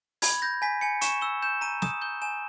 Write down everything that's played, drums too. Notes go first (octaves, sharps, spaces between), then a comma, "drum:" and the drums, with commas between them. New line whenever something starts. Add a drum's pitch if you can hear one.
B5 G#6, drum: open hi-hat
G6 A#6
G#5 B6
G#5 C#7
C#6 E7, drum: hi-hat
E6 G7
G6 E7
A#5 D#7
D#6 E7, drum: snare
G6 G7
G#5 E7